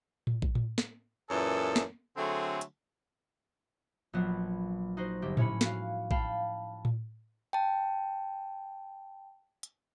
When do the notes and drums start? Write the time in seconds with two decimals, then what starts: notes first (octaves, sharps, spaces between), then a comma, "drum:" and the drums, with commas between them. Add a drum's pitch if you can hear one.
0.27 drum: tom A2
0.42 drum: kick A1
0.55 drum: tom A2
0.78 drum: snare
1.30 F#2 A#2 E3 G#4 A4
1.76 drum: snare
2.17 D3 F#3 A3 C4 G#4
2.61 drum: hi-hat
4.13 A#1 F#3 B3 F4
4.97 D#4 F#4 C5
5.22 G1 G4
5.37 A2 C#4 G#5 B5 C#7, drum: tom A2
5.61 F#4 F5, drum: snare
6.11 F5 G5 A5 B5, drum: kick A1
6.85 drum: tom A2
7.53 G5 A5
9.63 drum: hi-hat